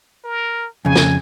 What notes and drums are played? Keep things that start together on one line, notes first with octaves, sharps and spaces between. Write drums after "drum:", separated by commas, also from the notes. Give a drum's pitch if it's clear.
A#4
F2 C#3 G#5
drum: snare